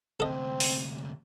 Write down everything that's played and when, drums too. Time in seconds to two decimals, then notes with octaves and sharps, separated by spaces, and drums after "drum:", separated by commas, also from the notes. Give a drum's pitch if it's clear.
0.20 D2 C3 C4 A4 D#5
0.60 drum: open hi-hat